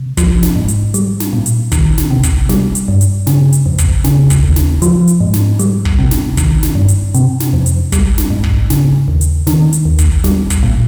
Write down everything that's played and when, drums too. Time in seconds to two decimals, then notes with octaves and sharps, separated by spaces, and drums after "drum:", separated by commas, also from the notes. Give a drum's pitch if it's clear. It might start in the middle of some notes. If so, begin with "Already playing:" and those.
Already playing: C3
0.17 F3, drum: kick, hi-hat
0.43 drum: snare
0.56 G#2
0.68 drum: hi-hat
0.94 G3, drum: hi-hat
1.20 drum: snare
1.33 A#2
1.46 drum: hi-hat
1.72 D#3, drum: kick, hi-hat
1.98 drum: snare
2.10 C3
2.23 drum: kick, hi-hat
2.49 G3, drum: snare
2.75 drum: hi-hat
2.88 G2
3.01 drum: hi-hat
3.27 C#3, drum: snare
3.53 drum: hi-hat
3.66 F2
3.78 drum: kick, hi-hat
4.04 C#3, drum: snare
4.30 drum: kick, hi-hat
4.43 D#2
4.56 drum: snare
4.82 F3, drum: hi-hat
5.08 drum: hi-hat
5.20 G#2
5.34 drum: snare
5.59 G3, drum: hi-hat
5.85 drum: kick
5.99 C3
6.11 drum: snare
6.37 D#3, drum: kick, hi-hat
6.63 drum: snare
6.75 G2
6.89 drum: hi-hat
7.15 C3, drum: hi-hat
7.40 drum: snare
7.53 F2
7.66 drum: hi-hat
7.92 G3, drum: kick, hi-hat
8.18 drum: snare
8.30 G#2
8.44 drum: kick
8.70 C#3, drum: snare
9.08 D#2
9.21 drum: hi-hat
9.47 D#3, drum: snare
9.73 drum: hi-hat
9.85 D#2
9.99 drum: kick, hi-hat
10.24 G3, drum: snare
10.50 drum: kick, hi-hat
10.63 A#2